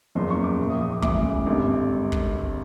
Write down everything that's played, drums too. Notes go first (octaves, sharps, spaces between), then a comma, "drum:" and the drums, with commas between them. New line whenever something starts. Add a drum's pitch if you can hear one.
F#1 E2 C#3 F3 C6
C#6
D6
A#1 A#2 F3
D#6
D#6
D6
E1 D2 C#3 E3 D6, drum: kick
G#1 G2 D3
drum: kick